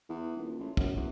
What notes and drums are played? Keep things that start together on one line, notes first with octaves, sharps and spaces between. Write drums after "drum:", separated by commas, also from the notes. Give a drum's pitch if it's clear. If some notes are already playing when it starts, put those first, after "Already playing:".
E2
D#1
A1
F#2, drum: kick
E2